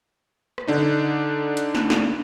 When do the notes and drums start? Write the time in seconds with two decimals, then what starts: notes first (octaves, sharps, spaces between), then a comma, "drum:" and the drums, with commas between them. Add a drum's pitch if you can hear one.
0.58 drum: rim click
0.67 D3 D4 D#4
1.57 drum: hi-hat
1.75 drum: snare
1.90 drum: snare